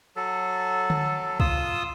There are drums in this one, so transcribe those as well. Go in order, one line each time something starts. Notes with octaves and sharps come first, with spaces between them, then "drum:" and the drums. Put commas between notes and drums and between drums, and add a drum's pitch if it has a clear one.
F#3 A4
drum: tom D3
F4 D#6 E6, drum: kick